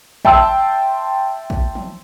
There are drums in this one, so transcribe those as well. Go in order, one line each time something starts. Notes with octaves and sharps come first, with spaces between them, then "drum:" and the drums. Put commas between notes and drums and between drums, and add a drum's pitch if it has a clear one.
E5 G5 A5 C6 E6, drum: kick
drum: kick
drum: tom